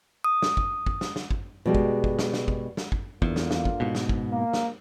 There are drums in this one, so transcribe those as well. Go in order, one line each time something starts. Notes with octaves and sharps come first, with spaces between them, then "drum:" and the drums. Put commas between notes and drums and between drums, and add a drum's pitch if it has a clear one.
D#6
drum: snare
drum: kick
drum: kick
drum: snare
drum: snare
drum: kick
B2 G3 G#3
drum: kick
drum: kick
drum: snare
drum: snare
drum: kick
drum: snare
drum: kick
E2 D3 A#3 F4, drum: kick
drum: snare
drum: snare
drum: kick
G#2 B2
drum: snare
drum: kick
A#3
drum: snare